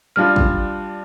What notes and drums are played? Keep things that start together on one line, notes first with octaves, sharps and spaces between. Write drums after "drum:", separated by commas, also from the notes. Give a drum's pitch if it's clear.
G3 D4 F4 F6
drum: kick